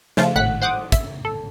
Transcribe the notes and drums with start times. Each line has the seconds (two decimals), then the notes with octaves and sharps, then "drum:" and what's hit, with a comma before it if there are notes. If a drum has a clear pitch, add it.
0.17 C#3 F3 A3 F4, drum: snare
0.35 G#1 A2 F#5 F#6 B6
0.62 C5 F#5 D6 D#6
0.92 E5, drum: kick, hi-hat
1.25 A4